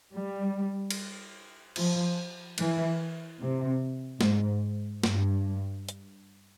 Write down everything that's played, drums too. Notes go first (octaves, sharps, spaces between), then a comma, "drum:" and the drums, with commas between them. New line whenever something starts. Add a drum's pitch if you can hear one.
G3
drum: cymbal
F3, drum: cymbal
E3, drum: cymbal
C3
G#2, drum: snare
G2, drum: snare
drum: hi-hat